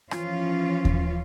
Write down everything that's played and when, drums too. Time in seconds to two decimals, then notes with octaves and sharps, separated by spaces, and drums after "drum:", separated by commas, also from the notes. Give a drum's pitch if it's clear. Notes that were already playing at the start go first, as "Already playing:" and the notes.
0.11 E3 F3 C#4 F4, drum: rim click
0.85 drum: kick D#2